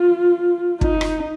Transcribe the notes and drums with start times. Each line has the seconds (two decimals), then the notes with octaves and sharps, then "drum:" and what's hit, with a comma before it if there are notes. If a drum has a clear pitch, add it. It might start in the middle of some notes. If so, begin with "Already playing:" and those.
Already playing: F4
0.81 D#4, drum: kick
1.01 drum: rim click